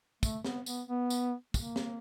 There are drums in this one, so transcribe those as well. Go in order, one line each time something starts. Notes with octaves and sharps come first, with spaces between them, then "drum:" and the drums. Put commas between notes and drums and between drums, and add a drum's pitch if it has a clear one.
A3, drum: kick, tambourine
B3, drum: snare
B3, drum: tambourine
B3
drum: tambourine
A#3, drum: kick, tambourine
drum: snare